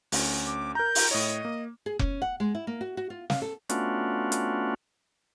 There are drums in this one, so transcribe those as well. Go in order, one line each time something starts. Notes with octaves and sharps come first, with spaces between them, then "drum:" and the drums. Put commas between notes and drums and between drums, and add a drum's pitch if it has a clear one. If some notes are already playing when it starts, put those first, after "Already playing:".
D2 C#4, drum: open hi-hat
D6
A#4 A#5 G6
drum: open hi-hat
A2 C#5 D#5
A#3
G#4
C#4, drum: kick F1
F#5
G#3
E4
A#3
F#4
F#4
F4
F5, drum: snare
A4
A3 B3 C#4 D4 F4 F#4, drum: hi-hat
drum: hi-hat